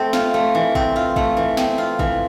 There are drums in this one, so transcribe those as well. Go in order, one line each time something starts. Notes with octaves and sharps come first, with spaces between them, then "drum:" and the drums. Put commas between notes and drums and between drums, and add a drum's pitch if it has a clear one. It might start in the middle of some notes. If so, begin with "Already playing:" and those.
Already playing: A3 C4
F4, drum: snare
A3
E3
C4, drum: kick
F4
A3, drum: kick
E3
C4, drum: snare
F4
E3, drum: kick